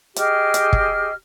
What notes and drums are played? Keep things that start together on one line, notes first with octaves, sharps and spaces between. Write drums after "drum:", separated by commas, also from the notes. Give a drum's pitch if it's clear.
G4 G#4 D#5 F6, drum: hi-hat
drum: hi-hat
drum: kick